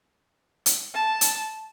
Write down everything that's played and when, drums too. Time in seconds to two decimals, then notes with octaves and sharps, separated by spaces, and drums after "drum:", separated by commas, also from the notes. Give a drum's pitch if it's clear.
0.66 drum: hi-hat
0.94 A5
1.21 drum: hi-hat